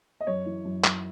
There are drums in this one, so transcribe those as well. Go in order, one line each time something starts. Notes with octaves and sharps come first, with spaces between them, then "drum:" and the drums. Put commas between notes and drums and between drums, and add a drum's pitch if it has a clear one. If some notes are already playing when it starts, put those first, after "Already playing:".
D#5
F#2 C#5
E3
F#2
F#2, drum: clap